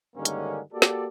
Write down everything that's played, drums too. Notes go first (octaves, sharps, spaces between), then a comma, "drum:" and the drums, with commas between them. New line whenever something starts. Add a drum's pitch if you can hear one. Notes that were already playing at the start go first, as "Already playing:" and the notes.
G2 D3 D#3 G#3 A#3 C#4
drum: hi-hat
A#3 F#4 G4 A4 D5
drum: snare